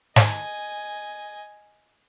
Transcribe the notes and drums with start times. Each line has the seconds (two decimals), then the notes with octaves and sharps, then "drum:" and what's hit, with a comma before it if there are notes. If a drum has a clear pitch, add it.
0.16 D#5 G#5, drum: snare